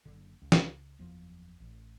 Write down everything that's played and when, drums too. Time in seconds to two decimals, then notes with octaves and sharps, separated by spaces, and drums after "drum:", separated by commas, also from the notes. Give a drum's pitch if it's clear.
0.05 F#1 D3
0.42 C#2
0.52 drum: snare
0.99 F#1 E2 F3
1.60 A1